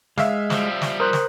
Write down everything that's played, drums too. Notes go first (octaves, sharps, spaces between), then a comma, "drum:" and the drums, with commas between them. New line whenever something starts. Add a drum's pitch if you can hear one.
G#3 E5 F5, drum: snare
F3 G3, drum: snare
drum: snare
A#4 C5 D#6 F#6
drum: snare